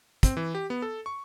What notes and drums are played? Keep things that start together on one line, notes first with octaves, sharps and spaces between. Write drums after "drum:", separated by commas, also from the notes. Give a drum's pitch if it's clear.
C4, drum: kick, hi-hat
E3
G4
B3
A4
C#6